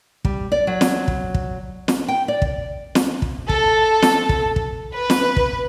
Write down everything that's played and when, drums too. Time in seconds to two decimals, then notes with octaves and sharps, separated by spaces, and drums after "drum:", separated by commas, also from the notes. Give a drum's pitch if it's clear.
0.25 G3, drum: kick
0.52 D5
0.67 F#3
0.81 drum: snare
1.08 drum: kick
1.34 drum: kick
1.88 drum: snare
2.08 G5
2.28 D5
2.42 drum: kick
2.95 drum: snare
3.22 drum: kick
3.49 A4, drum: kick
4.02 drum: snare
4.29 drum: kick
4.56 drum: kick
4.94 B4
5.10 drum: snare
5.36 drum: kick